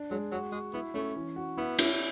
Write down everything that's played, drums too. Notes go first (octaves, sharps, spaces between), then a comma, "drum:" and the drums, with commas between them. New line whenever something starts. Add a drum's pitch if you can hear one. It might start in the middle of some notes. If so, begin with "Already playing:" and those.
Already playing: D4
F#3 G#3
F#3 F#4
G#3 F#4
B3 E4
A3 C#4
E3
F#4
B3 E4
E4, drum: cymbal